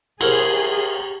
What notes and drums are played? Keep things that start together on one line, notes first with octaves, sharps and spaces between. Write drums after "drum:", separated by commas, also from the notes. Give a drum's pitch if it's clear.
E4 G4 G#4 A#4 C5, drum: cymbal